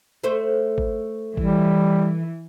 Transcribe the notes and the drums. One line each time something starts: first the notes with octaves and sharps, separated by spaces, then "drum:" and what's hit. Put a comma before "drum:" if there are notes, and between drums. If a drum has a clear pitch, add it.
A3 C5
drum: kick
E3 G3, drum: kick